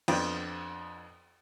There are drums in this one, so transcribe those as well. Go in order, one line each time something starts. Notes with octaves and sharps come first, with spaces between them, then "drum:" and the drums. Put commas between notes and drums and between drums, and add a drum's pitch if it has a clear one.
F2 B3 D4 G5, drum: cymbal